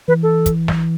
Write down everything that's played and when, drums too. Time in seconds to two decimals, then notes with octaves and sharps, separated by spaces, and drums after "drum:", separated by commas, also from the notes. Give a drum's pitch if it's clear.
0.08 E3 B4
0.23 A4
0.46 drum: kick, hi-hat
0.68 drum: snare